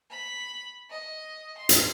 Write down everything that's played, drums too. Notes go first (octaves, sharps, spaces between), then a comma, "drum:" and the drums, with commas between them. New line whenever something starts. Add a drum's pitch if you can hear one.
B5
D#5
C6
drum: hi-hat